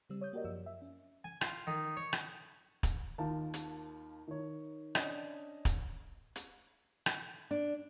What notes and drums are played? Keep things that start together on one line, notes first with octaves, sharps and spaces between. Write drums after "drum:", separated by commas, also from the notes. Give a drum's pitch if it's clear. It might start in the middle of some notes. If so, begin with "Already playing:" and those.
C#3 G3 C4 E6
C#5 D#6 G6
A#3 F#4 G4 A#4 D5 D#5
F#2 F3 F4 E6
E5
C#4
G#5
F4, drum: rim click
D#3
C#5
drum: rim click
drum: kick, hi-hat
D#2 D#3 F4 A5
drum: hi-hat
D#3 C#5
C#4 D4 D#5, drum: rim click
drum: kick, hi-hat
drum: hi-hat
drum: rim click
D4